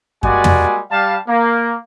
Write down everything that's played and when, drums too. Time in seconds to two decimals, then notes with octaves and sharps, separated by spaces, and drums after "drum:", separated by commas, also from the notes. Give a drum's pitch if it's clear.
0.23 G3 G#3 A#3 F#4 D5 G#5, drum: kick F#2
0.44 drum: tom
0.91 G3 F5 A5
1.27 A#3